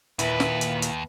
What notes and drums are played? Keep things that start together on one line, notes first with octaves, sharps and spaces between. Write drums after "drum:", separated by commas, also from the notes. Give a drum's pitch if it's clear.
D#2 A#2 E4 B4, drum: hi-hat
drum: snare
drum: hi-hat
drum: hi-hat